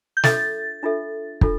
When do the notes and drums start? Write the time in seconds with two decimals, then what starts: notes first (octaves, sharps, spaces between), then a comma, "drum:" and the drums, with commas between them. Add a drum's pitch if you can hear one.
0.17 G6
0.23 D4 F4 A4 E5 A6, drum: snare
0.83 D4 F4 A4 E5
1.41 D4 F4 A4, drum: kick